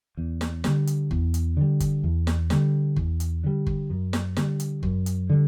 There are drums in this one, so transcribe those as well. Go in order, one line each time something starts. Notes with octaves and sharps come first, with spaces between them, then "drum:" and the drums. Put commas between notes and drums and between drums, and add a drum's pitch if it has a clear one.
E2
drum: snare
D3 G3, drum: snare
drum: hi-hat
E2, drum: kick G1
drum: hi-hat
D3 G3
drum: kick G1, hi-hat
E2
drum: snare
D3 G3, drum: snare
E2, drum: kick G1
drum: hi-hat
D3 G3
drum: kick G1
F#2
drum: snare
D3 G3, drum: snare
drum: hi-hat
F#2, drum: kick G1
drum: hi-hat
D3 G3